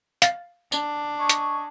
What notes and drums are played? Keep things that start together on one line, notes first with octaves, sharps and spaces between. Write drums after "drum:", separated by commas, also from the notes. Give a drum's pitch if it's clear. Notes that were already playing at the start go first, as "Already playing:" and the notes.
F5 A6, drum: hi-hat
D4, drum: tambourine
D#5 G#5 C#6
drum: hi-hat